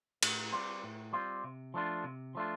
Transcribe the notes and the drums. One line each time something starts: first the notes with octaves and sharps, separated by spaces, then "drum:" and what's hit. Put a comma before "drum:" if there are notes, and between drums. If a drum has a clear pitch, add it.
A2, drum: cymbal
G3 C4 F4
A2
G3 C4 F4
C3
F3 A3 D4 F4
C3
F3 A3 D4 F4